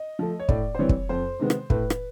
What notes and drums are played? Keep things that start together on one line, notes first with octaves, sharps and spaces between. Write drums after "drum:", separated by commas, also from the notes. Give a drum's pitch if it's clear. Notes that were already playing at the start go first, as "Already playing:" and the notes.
Already playing: D#5
F3 A3
C#5
A2 D5, drum: kick
C5
E3 G3 C4 C#5
drum: kick
F2 C5
C3 D#3 G#3 B3
drum: rim click
A2 B4, drum: kick
drum: rim click